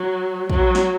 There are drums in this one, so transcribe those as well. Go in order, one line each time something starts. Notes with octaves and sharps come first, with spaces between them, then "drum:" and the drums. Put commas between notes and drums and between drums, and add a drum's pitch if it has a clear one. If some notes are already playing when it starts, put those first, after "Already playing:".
Already playing: F#3
F#3, drum: kick
drum: snare